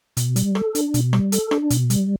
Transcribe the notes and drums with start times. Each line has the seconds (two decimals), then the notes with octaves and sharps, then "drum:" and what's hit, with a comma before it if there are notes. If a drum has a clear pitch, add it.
0.17 B2, drum: hi-hat
0.36 G3, drum: hi-hat
0.55 A4, drum: rim click
0.75 D4, drum: hi-hat
0.94 B2, drum: hi-hat
1.13 G3, drum: rim click
1.32 A4, drum: hi-hat
1.51 D4, drum: rim click
1.70 B2, drum: hi-hat
1.90 G3, drum: hi-hat